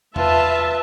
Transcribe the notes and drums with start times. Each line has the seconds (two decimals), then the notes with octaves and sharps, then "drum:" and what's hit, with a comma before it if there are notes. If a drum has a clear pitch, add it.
0.16 F4 B4 E5 A5, drum: tom E2